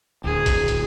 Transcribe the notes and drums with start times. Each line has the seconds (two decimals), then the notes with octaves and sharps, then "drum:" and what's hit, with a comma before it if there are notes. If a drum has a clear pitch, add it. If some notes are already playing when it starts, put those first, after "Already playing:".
0.24 D1 D2 G#4
0.46 drum: kick, hi-hat
0.68 drum: hi-hat